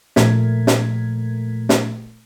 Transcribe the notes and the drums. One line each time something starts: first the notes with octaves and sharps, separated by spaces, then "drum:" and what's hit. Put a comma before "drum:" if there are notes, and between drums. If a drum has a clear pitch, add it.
A#2 F3 A3 A#4 G#6 B6, drum: snare
drum: snare
drum: snare